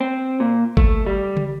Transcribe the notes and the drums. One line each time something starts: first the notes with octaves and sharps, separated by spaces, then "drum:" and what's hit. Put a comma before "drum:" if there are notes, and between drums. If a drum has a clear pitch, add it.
C4
A#2
A3, drum: kick G#1
G3
drum: tom C#3